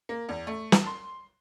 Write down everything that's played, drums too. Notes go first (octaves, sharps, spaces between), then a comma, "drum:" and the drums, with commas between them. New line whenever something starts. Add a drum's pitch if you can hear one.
A#3
E2
A3
A5, drum: snare
C6